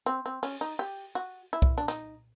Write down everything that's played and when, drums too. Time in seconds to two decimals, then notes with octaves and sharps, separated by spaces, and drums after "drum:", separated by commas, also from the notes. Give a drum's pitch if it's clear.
0.06 C4
0.26 C4
0.43 C#4, drum: open hi-hat
0.61 D#4
0.79 G4
1.15 F#4
1.53 E4
1.62 drum: kick C2
1.78 D4
1.88 D#4, drum: hi-hat